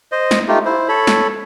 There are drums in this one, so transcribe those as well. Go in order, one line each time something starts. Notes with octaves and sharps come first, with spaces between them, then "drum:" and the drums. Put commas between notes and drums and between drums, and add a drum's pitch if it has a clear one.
C5 D#5
drum: snare
A3 D#4 F4 G4
E4 C5
A4 C#5 B5
drum: snare